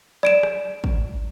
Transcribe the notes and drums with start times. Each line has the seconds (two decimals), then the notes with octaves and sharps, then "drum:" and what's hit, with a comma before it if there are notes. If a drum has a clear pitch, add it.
0.23 D5 D7 E7
0.43 drum: rim click
0.84 drum: kick